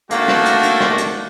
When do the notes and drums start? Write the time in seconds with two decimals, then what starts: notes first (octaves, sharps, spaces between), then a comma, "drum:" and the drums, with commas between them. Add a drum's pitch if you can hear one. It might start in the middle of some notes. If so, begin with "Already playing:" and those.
0.11 D#3 A3 A#3 D4 F#4, drum: hi-hat
0.28 drum: rim click
0.46 drum: hi-hat
0.63 drum: hi-hat
0.80 drum: rim click
0.98 drum: hi-hat